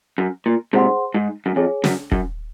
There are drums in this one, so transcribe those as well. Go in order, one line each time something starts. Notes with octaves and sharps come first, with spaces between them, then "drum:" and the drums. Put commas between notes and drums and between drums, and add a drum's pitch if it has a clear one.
F#2
A#2
G#2 C3 G#4 C5 F#5 C6
G#2
F#2
F2 G#4 C#5 G#5
F#2, drum: snare
F#2, drum: kick